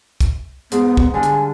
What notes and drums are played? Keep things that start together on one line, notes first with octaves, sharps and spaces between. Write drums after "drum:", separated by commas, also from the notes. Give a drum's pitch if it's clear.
drum: kick, hi-hat
G#2 B3, drum: hi-hat
drum: kick
D3 G3 F4 G#5
drum: hi-hat